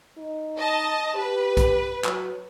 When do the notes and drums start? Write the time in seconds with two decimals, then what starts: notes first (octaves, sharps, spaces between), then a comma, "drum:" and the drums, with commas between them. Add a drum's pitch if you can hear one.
0.18 D#4
0.57 D#5 A5
1.16 G4 B4
1.57 drum: kick B1, hi-hat
2.04 F#3, drum: clap